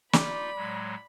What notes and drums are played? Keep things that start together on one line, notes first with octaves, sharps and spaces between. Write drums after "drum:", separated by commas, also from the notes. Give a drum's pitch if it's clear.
D#4 F4 D5 B5, drum: snare
A2 F#3 G#3